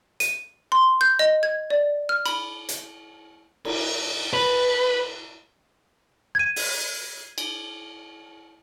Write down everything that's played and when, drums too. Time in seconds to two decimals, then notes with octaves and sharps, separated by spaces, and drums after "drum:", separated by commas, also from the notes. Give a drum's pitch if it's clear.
0.20 D#7, drum: hi-hat
0.72 C6
1.01 G6
1.19 D#5
1.43 G#6
1.70 D5
2.09 F6
2.26 B5, drum: cymbal
2.69 drum: hi-hat
3.65 drum: cymbal
4.33 B4
6.35 G#6 D#7
6.56 drum: open hi-hat
7.38 drum: cymbal